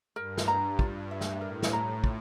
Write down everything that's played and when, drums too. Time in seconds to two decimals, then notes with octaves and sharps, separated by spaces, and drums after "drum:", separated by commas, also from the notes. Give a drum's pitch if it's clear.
0.16 G2 A#4
0.38 drum: snare
0.48 A#5
0.79 F4, drum: kick
1.11 E5
1.21 drum: snare
1.41 A2 A#4
1.63 drum: snare
1.73 A#5
2.04 F4, drum: kick